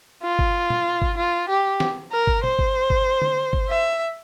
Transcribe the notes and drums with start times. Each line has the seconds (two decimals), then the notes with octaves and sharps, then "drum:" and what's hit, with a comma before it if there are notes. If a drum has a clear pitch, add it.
0.23 F4
0.39 drum: kick G1
0.70 drum: tom
1.02 drum: kick G1
1.17 F4
1.49 G4
1.80 drum: snare
2.12 A#4
2.27 drum: kick G1
2.44 C5, drum: tom A#2
2.59 drum: kick G1
2.90 drum: kick G1
3.22 drum: tom D3
3.53 drum: kick G1
3.69 E5